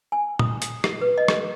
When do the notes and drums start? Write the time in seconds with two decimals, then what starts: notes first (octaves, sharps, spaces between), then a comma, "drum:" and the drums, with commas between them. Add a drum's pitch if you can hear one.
0.12 G#5
0.39 D#6, drum: tom A#2
0.62 drum: hi-hat
0.84 drum: rim click
1.01 B4
1.18 D#5
1.28 drum: rim click